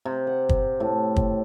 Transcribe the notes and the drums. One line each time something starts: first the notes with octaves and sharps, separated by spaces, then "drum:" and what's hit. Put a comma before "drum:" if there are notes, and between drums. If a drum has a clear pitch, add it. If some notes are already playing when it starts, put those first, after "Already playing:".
C3
F#5
drum: kick
A2
drum: kick